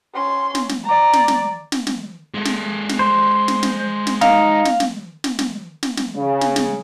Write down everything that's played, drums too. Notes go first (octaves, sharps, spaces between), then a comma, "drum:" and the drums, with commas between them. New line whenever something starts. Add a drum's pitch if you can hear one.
C#4 C6
drum: snare
drum: snare
D5 A#5
drum: snare
drum: snare
drum: snare
drum: snare
G#3 A4
drum: snare
drum: snare
C5
drum: snare
drum: snare
drum: snare
D#4 F5, drum: snare
drum: snare
drum: snare
drum: snare
drum: snare
drum: snare
drum: snare
C#3
drum: snare
drum: snare